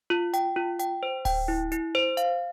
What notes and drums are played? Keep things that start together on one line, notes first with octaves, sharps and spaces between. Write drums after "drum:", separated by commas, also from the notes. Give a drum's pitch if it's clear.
F4
G5, drum: hi-hat
F4
G5, drum: hi-hat
C5
G5, drum: kick D1, open hi-hat
E4
E4, drum: hi-hat
C5
F5, drum: hi-hat